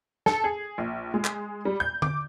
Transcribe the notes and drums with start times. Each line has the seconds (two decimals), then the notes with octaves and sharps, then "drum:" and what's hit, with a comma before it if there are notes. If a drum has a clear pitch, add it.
0.26 A4, drum: snare
0.44 G#4
0.78 A#1
1.14 G#3
1.25 drum: clap
1.65 G3
1.80 G6
2.02 D6, drum: tom D3